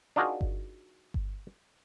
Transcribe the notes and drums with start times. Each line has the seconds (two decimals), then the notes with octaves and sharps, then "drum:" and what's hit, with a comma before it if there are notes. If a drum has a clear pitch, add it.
0.16 D4 D#4 F4 F#4 G#4 A#4
0.41 drum: kick G1
1.14 drum: kick G1